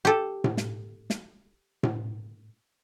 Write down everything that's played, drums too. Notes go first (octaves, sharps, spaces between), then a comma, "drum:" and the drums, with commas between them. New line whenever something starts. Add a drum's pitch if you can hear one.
G4 A4
drum: tom A2
drum: snare
drum: snare
drum: tom A2